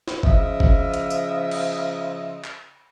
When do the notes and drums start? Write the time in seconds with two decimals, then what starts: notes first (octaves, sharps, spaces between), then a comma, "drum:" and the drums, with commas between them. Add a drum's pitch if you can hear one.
0.08 drum: snare
0.23 C#3 F3 D#5 E5, drum: kick G1
0.60 drum: kick G1
0.94 drum: hi-hat
1.10 drum: tambourine
1.51 drum: cymbal
2.45 drum: clap